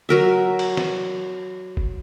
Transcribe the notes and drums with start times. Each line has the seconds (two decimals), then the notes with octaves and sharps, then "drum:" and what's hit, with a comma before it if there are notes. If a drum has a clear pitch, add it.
0.09 F#3 A#4 E5
0.59 drum: cymbal
0.77 drum: snare
1.77 drum: kick